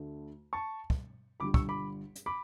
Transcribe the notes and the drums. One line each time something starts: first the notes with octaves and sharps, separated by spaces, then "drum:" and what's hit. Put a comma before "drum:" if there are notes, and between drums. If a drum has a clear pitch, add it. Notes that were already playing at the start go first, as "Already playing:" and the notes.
Already playing: D2 D3 A3
A5 C#6
drum: kick
G1 G2 D3 G3 B5 D6
C#6 E6, drum: kick
B5 D6
drum: hi-hat
B5 D6